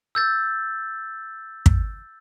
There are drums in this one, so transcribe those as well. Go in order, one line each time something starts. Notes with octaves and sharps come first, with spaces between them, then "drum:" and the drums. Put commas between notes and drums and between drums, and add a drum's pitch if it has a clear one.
E6 G6 A6
drum: kick